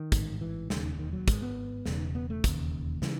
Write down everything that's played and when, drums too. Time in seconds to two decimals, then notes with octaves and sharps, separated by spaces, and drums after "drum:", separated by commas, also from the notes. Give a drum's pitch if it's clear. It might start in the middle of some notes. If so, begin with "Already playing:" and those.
Already playing: D#3
0.12 A1 G#2, drum: kick, hi-hat
0.41 E3
0.70 E1 D#2 C#3, drum: snare
0.99 D#3
1.13 F#3
1.28 G#1 G#2 G#3, drum: kick, hi-hat
1.42 B3
1.85 E1 E2 C#3, drum: snare
2.15 B3
2.30 A3
2.44 E1 D#2 C#3, drum: kick, hi-hat
3.02 C#3 E3, drum: snare